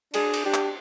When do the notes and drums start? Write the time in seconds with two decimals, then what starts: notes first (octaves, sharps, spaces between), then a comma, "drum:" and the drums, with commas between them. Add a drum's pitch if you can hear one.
0.14 D4 G#4, drum: cymbal
0.34 drum: cymbal
0.44 D4 G4
0.54 drum: clap